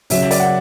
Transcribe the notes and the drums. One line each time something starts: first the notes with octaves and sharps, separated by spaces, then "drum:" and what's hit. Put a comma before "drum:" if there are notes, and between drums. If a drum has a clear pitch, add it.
C#3 F#3 C#4 E5, drum: open hi-hat
D5, drum: open hi-hat
F#5